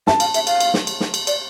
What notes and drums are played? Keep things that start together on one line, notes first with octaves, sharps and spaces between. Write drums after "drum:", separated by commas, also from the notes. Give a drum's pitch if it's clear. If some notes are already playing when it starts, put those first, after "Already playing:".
E5 A5, drum: snare
F5, drum: cymbal
E5, drum: cymbal
F5, drum: cymbal
drum: cymbal
drum: snare
drum: cymbal
drum: snare
drum: cymbal
D5, drum: cymbal